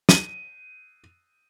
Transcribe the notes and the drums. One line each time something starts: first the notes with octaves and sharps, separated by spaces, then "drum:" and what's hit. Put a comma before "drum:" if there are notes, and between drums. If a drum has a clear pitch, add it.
D#7, drum: snare